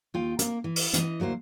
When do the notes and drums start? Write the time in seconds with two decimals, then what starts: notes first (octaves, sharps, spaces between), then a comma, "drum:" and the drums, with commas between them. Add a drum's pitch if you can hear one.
0.14 D#2 F4 G5
0.39 A#3, drum: hi-hat
0.64 E3
0.76 drum: open hi-hat
0.94 E3 D#5, drum: hi-hat
1.20 D2 F#3 A#3 C5